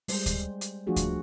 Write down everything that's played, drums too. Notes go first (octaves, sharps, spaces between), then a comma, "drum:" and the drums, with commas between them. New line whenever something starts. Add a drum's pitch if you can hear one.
G3 G#3 C5, drum: open hi-hat
drum: kick D2, hi-hat
drum: hi-hat
F3 A3 D4 F4 F#4 G#4
drum: kick D2, hi-hat